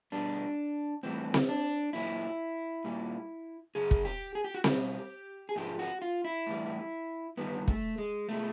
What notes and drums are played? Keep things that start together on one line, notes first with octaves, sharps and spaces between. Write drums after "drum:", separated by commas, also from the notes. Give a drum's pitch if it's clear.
B2 G3 D4
A2 E3 G3 C4
drum: snare C4
D4
A#2 F#3 E4
A#2 G3
F#2 C#3 G#4
drum: kick
G4
G#4
G4
F#4
B2 G3 G4, drum: snare C4
G#4
G#2 F3 G#3 G4
F#4
F4
E4
A2 E3 G3
G2 D#3 G3 B3
A3, drum: kick
G#3
B2 G#3 A3